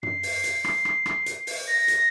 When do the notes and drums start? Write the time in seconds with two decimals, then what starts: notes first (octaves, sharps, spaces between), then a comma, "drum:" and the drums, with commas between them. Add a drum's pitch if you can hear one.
0.03 C7, drum: tom
0.23 drum: open hi-hat
0.44 drum: hi-hat
0.64 drum: rim click
0.85 drum: rim click
1.06 drum: rim click
1.26 drum: hi-hat
1.47 drum: open hi-hat
1.68 A#6
1.88 drum: hi-hat